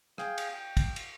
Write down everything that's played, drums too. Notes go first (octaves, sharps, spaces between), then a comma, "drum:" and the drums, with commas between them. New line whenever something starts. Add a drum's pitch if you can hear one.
G#4 F5 G5, drum: rim click
drum: cymbal
G5
drum: kick, cymbal
drum: cymbal